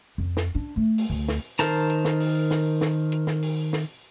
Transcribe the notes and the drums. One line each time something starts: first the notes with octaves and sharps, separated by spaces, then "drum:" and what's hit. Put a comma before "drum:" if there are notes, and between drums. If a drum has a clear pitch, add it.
F2
drum: snare
D4
A3
drum: open hi-hat
D2
drum: snare
D#3 A#4 C5 A5 A#5, drum: snare
drum: hi-hat
drum: snare
drum: open hi-hat
drum: snare
drum: snare
drum: hi-hat
drum: snare
drum: open hi-hat
drum: snare